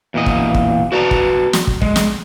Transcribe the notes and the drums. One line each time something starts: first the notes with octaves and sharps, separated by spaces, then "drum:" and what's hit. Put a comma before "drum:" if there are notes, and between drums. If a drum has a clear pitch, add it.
E2 A#2 D#5
drum: kick
drum: kick
F#4 B4 D5 A5 A#5
drum: kick
drum: snare
drum: kick
G#3, drum: kick
drum: snare